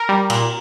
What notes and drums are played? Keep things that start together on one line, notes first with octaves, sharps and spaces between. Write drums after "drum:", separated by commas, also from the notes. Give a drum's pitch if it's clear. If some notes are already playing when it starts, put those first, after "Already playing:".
Already playing: A#4
G3
A#2, drum: cymbal